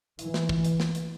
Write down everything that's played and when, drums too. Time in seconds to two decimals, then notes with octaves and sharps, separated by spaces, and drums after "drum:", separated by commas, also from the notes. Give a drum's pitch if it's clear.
0.19 E3, drum: hi-hat
0.34 drum: snare
0.49 drum: kick
0.65 drum: hi-hat
0.80 drum: snare
0.95 drum: hi-hat